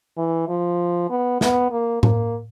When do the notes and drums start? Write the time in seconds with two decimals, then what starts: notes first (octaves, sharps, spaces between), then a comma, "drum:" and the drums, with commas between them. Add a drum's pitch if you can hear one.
0.17 E3
0.48 F3
1.10 B3
1.41 B3, drum: snare
1.72 A#3
2.03 A#3, drum: tom A2